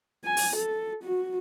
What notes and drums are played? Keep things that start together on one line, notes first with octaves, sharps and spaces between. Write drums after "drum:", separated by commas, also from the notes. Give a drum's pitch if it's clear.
G#5
drum: open hi-hat
A4
F#4